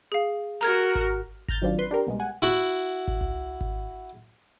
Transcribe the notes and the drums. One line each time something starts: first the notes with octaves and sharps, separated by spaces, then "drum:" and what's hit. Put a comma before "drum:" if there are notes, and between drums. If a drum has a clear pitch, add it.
G#4 F5
F#4 A#4 A#5 F6 G#6
drum: kick G#1
A#5 F6 G6 A6, drum: kick G#1
D#3 F#3 C4 D4 F4
B4 C6
D4 G4 A#4
C2 B2 G3 G#3
F#5 G#5
E4 F#4
drum: kick G#1
drum: tom C2
drum: kick G#1